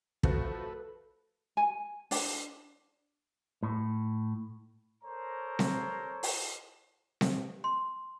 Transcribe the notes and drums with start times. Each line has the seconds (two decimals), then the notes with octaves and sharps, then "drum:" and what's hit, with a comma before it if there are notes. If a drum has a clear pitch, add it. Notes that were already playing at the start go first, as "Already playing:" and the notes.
0.23 F3 A3 F#4 A4 B4, drum: kick
1.57 G#5
2.11 D4, drum: open hi-hat
3.63 A2
5.04 A4 A#4 C5 C#5 A#5
5.59 drum: snare C4
6.23 drum: open hi-hat
7.21 drum: snare C4
7.64 C6